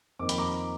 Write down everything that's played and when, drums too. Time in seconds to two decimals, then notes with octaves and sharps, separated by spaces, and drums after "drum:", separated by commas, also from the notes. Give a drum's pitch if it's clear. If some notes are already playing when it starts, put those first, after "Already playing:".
0.19 F2 D#3 A#3 D#4 D6
0.29 B5, drum: hi-hat
0.38 A#5 D6